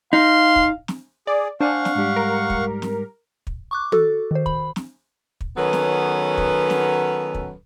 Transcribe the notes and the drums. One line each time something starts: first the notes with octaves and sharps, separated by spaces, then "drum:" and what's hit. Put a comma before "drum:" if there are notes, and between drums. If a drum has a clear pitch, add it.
D#4 F5 C6
drum: kick
drum: snare
G#4 D5
D4 C5 F5 F#5 G#5 C#6
drum: snare
G#2 G3
A#4
drum: kick
drum: snare
drum: kick
C#6 D6 F#6
F#4 A4, drum: tom
D#3 C5
B5, drum: kick
drum: snare
drum: kick
D#3 F#3 B3 C#4 A4 B4
drum: snare
drum: kick
drum: snare
drum: kick